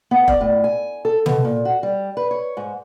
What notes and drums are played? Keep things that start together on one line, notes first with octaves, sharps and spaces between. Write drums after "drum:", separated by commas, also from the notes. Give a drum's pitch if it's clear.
B3
D5, drum: kick F1
A2
G#5
A4
B2, drum: tom
A#2
F#4
G3
B4
C#5
G#2